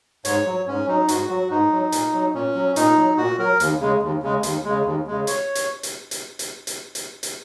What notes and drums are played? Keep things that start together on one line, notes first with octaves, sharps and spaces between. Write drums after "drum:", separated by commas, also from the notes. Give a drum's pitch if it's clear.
G#2 C#5, drum: hi-hat
F#3
G#2 C#4
F#3 D#4
G#2 F#4, drum: hi-hat
F#3 F#4
G#2 D#4
F#3
A#2, drum: hi-hat
F#3
A#2 C#4
F#3
A#2 D#4, drum: hi-hat
F#3
A#2 F#4
F#3 A#4
D#2, drum: hi-hat
C#3 G#3
D#2
C#3 G#3
D#2, drum: hi-hat
C#3 G#3
D#2
C#3 G#3
C#5, drum: hi-hat
drum: hi-hat
drum: hi-hat
drum: hi-hat
drum: hi-hat
drum: hi-hat
drum: hi-hat
drum: hi-hat